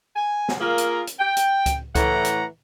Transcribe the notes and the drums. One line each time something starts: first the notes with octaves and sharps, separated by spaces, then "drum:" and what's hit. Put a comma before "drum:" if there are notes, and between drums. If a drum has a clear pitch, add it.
G#5
drum: snare
A#3 F4 G#4 A#4
drum: hi-hat
drum: hi-hat
G5
drum: hi-hat
drum: kick C#2, hi-hat
A2 E3 A3 F#5 A#5, drum: kick C#2, hi-hat
drum: hi-hat